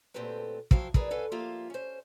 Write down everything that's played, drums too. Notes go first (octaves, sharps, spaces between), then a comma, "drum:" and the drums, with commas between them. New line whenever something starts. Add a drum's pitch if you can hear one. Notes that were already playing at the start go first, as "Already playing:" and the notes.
D2 A#2 C4 G4 A4 B4
F3 F#3 E4 F5 G5, drum: kick
E4 G#4 A#4 B4 D5, drum: kick
C#4 A4 B4 F5 G#5
F3 A#3 F4 G4 E5 F5
C#4 C5